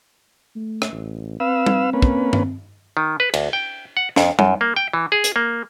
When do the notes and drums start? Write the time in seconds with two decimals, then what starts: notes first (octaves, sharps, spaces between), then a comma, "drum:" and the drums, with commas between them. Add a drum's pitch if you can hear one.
0.55 A3
0.82 drum: rim click
0.93 A1
1.40 C4 B4 F5 E6
1.66 drum: tom
1.93 A#3 C#4 B4
2.02 drum: kick
2.33 drum: tom G2
2.97 D#3
3.20 B4
3.34 D2, drum: cymbal
3.53 G5
3.97 F#5
4.16 F2, drum: snare
4.39 F#2, drum: tom
4.61 A#3
4.76 G5
4.93 E3
5.12 G#4
5.24 drum: hi-hat
5.36 A#3